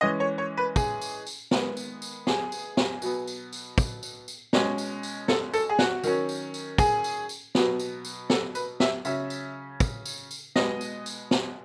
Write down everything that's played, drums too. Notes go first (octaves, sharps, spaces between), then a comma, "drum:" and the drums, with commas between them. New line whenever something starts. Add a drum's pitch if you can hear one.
E3 G#3 C#4 D#5
C#5
C#5
B4
G#4, drum: kick, tambourine
drum: tambourine
drum: tambourine
D#3 G#3 B3, drum: snare
drum: tambourine
drum: tambourine
G#4, drum: snare
drum: tambourine
drum: snare
B2 F#3 B3, drum: tambourine
drum: tambourine
drum: tambourine
drum: kick, tambourine
drum: tambourine
drum: tambourine
B2 G#3 C#4, drum: snare
drum: tambourine
drum: tambourine
A4, drum: snare
A4, drum: tambourine
G#4
F#4, drum: snare
D#3 F#3 C#4, drum: tambourine
drum: tambourine
drum: tambourine
G#4, drum: kick, tambourine
drum: tambourine
drum: tambourine
B2 F#3 B3, drum: snare
drum: tambourine
drum: tambourine
A4, drum: snare
B4, drum: tambourine
E5, drum: snare
C#3 F#3 C#4 E5, drum: tambourine
drum: tambourine
drum: kick, tambourine
drum: tambourine
drum: tambourine
B2 G#3 B3 D#5, drum: snare
drum: tambourine
drum: tambourine
drum: snare